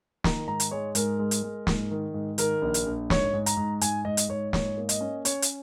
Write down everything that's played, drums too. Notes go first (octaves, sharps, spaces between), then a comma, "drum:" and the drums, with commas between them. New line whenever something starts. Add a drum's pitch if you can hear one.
D#3 A#5, drum: snare
G#2 A#5
drum: hi-hat
G#3 C#5
G#2 A#4, drum: hi-hat
G#3
drum: hi-hat
G#3
G#2, drum: snare
D#3
G#2
D#3 A#4, drum: hi-hat
A#1
drum: hi-hat
A#1
G#2 C#5, drum: snare
G#2
A#5, drum: hi-hat
G#2
G#2 G#5, drum: hi-hat
G#2 D#5
drum: hi-hat
G#2 C#5
G#2 C#5, drum: snare
A#3
D#5, drum: hi-hat
C#4
C#4 C#5, drum: hi-hat
drum: hi-hat